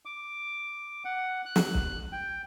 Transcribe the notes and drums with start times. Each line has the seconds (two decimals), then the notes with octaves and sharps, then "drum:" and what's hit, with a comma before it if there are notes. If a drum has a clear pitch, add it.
0.05 D6
1.05 F#5
1.45 F#6
1.56 drum: snare
1.74 drum: kick
2.12 G5